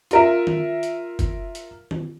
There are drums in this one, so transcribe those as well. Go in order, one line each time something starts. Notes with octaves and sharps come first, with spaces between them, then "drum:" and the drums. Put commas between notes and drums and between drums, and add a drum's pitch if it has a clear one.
F4 A#4 E5, drum: hi-hat
drum: tom D#3
drum: hi-hat
drum: kick F#1, hi-hat
drum: hi-hat
drum: tom D#3